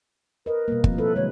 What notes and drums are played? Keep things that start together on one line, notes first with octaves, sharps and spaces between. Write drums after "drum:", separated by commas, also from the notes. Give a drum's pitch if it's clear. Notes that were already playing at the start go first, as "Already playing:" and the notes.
A#4 B4 D#5
B2 G3 A#3
F3 C4, drum: kick
E4 A4 B4
D3 F#3 G#3 C#5